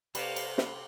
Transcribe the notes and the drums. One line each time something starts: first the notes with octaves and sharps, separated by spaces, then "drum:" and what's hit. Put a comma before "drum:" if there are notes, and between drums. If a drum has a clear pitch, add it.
C3 A4 B4 D5 F5 B5, drum: cymbal
drum: cymbal
drum: snare